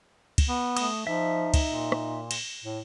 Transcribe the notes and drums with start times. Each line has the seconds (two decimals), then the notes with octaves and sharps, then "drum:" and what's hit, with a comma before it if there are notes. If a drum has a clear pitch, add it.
0.38 drum: kick, cymbal
0.49 B3
0.77 A3 D#6, drum: cymbal
1.07 F3 D#4 E5
1.54 drum: kick, cymbal
1.66 A#2
1.92 drum: rim click
2.31 drum: cymbal
2.64 A2